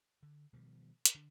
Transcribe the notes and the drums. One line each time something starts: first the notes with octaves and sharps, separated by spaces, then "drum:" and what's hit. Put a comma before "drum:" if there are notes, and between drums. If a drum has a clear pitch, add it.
D3
B2 D#3 F3 G3
drum: hi-hat
D3 D4